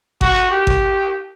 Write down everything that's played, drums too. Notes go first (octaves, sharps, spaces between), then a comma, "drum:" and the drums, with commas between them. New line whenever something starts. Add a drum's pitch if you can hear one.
F#4, drum: kick G#1
G4
drum: kick G#1